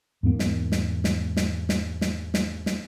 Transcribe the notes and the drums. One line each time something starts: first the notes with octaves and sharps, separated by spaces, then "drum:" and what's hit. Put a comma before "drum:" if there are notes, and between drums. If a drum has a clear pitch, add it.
E2 G#2 A#3 B3
drum: snare
drum: snare
drum: snare
drum: snare
drum: snare
drum: snare
drum: snare
drum: snare